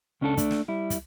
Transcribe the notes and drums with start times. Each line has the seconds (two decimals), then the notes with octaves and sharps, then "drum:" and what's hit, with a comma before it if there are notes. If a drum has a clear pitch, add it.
0.21 C#2 C#4 D4 G#4 A4
0.37 A3 D4, drum: kick, hi-hat
0.51 drum: snare
0.68 G3 E4
0.90 drum: kick, hi-hat